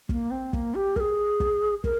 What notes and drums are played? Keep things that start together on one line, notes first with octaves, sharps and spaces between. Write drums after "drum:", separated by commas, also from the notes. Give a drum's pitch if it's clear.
A#3, drum: kick
C4
A#3, drum: kick
G4
A#4, drum: kick
G#4
drum: kick
A#4, drum: kick